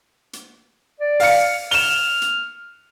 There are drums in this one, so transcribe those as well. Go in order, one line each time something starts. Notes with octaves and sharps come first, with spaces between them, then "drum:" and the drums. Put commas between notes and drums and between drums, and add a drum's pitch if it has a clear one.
drum: hi-hat
D5
F5 C#7, drum: open hi-hat
F6 E7 G7, drum: open hi-hat
drum: hi-hat